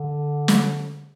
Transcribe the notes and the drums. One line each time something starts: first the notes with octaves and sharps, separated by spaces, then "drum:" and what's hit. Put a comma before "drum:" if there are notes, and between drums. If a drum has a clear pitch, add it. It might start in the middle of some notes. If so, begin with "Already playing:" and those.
Already playing: D3
drum: snare